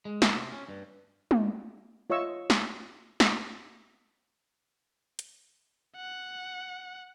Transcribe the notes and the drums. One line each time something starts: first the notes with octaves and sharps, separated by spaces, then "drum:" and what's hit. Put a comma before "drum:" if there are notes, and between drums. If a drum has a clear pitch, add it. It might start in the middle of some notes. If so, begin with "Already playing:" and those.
G#3
E5, drum: snare
C3
C#4
G2
drum: tom
F4 C#5 D#5 E5 C#6 E6
drum: snare
drum: snare
drum: hi-hat
F#5